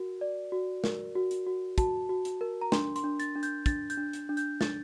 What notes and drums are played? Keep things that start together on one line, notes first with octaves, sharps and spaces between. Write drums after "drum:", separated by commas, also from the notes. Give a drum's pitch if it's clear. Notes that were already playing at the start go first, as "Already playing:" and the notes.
Already playing: F#4 A#4
D5
F#4
A#4, drum: snare
F#4
drum: hi-hat
F#4
F#4 A5, drum: kick, hi-hat
F#4
drum: hi-hat
A#4
A#5
D4 C6, drum: snare
C6, drum: hi-hat
D4
A6, drum: hi-hat
D4
G6, drum: hi-hat
D4 A6, drum: kick, hi-hat
G6, drum: hi-hat
D4
drum: hi-hat
D4
G6, drum: hi-hat
D4 A6, drum: snare